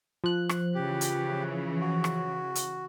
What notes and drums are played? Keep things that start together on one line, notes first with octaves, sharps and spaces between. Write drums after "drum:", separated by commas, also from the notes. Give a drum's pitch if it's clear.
F3 F#6
drum: rim click
C#3 E3 G4
drum: hi-hat
F#4
drum: rim click
drum: hi-hat